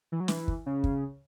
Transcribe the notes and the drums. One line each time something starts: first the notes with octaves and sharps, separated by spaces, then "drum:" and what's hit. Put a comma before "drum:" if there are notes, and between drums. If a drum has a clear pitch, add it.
E3
F#3
E3, drum: snare
drum: kick
C#3
drum: kick